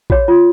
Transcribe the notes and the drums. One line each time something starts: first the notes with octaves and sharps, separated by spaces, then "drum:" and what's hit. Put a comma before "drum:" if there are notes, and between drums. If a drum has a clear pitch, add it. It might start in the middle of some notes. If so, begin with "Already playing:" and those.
F#4 C#5, drum: kick A#1
F4